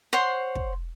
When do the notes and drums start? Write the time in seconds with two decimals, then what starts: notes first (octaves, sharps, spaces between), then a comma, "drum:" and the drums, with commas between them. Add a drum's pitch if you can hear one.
0.13 C5 C#5 F#5 C6
0.55 drum: kick